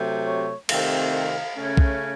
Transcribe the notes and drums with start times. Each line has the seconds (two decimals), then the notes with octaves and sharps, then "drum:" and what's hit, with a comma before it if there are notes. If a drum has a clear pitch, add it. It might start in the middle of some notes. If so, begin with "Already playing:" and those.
Already playing: C3 F#3 A3
0.27 C#5
0.69 C3 D#3 A3 C4 F5, drum: cymbal
1.55 C#3 A3 C#4
1.77 drum: kick